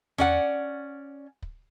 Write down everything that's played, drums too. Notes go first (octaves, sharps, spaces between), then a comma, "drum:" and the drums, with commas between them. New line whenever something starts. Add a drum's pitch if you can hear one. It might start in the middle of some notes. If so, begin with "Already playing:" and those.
C#4 D5 F#5, drum: tom E2
drum: kick